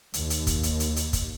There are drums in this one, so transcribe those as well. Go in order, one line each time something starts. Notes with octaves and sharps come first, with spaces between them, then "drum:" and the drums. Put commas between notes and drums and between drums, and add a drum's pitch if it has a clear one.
D#2, drum: hi-hat
drum: hi-hat
drum: kick, hi-hat
drum: hi-hat
drum: hi-hat
drum: hi-hat
drum: kick, hi-hat